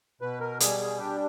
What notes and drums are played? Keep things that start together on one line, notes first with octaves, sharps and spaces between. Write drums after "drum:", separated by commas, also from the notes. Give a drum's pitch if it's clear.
B2 B4
A#4
G3 G#4, drum: hi-hat
G#4
D4 G4